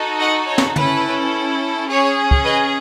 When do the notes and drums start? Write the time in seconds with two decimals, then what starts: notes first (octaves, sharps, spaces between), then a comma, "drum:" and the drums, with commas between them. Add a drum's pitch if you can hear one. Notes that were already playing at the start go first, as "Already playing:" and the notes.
Already playing: D#4 F#4 A4
0.20 D#5 F#5
0.48 C#5
0.58 drum: snare
0.76 C#4 E4 A4 B4, drum: tom
1.89 C#4 G#4 C#5
2.31 drum: kick
2.44 B4 D#5